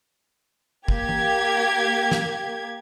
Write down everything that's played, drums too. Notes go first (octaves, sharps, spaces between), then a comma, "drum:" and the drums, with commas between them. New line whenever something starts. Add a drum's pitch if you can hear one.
A#3 G4 G#6, drum: kick
drum: tom
drum: snare